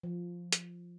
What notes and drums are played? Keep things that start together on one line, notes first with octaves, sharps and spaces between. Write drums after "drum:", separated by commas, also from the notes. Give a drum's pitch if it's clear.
F3
drum: hi-hat